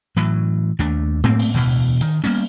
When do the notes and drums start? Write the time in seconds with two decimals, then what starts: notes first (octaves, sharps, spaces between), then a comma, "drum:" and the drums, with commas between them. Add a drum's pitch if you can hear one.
0.16 A2 E3 F#3
0.79 D#2 A3 D4
1.24 A3 A#3 C4, drum: tom A2
1.39 drum: open hi-hat
1.54 E1 D2 B2 E3
2.01 D#3, drum: hi-hat
2.24 G3 A#3 B3 C#4, drum: open hi-hat